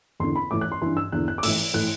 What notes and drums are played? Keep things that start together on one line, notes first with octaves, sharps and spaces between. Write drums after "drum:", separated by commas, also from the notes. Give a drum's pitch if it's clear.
E2 D3 C6
B5
A2 E3 D6
F#6
C6
G2 E3 C6
E6
E2 D3 F#6
F#6
D6
A2 E3 E6, drum: open hi-hat
A2 E3 F#6